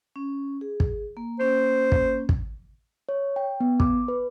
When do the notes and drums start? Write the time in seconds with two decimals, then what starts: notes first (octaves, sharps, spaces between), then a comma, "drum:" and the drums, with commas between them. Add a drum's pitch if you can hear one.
0.16 C#4
0.61 G#4
0.80 drum: kick
1.17 A#3
1.40 A#3 C#4 C5
1.92 drum: kick
2.29 drum: kick
3.09 C#5
3.36 G5
3.60 B3
3.80 D6, drum: kick
4.08 B4